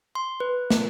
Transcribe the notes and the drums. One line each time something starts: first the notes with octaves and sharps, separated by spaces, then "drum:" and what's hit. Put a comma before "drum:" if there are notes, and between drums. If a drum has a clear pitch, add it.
C6
B4
drum: snare